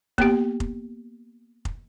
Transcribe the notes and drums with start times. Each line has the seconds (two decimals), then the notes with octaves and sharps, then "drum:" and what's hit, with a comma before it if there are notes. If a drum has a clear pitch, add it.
0.18 A#3 B3 G4, drum: kick F1
0.60 drum: kick F1
1.65 drum: kick F1